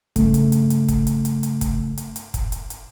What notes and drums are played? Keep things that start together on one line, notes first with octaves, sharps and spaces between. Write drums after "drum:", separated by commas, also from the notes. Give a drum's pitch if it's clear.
G2 C#3 A3, drum: kick, hi-hat
drum: hi-hat
drum: hi-hat
drum: hi-hat
drum: kick, hi-hat
drum: hi-hat
drum: hi-hat
drum: hi-hat
drum: kick, hi-hat
drum: hi-hat
drum: hi-hat
drum: kick, hi-hat
drum: hi-hat
drum: hi-hat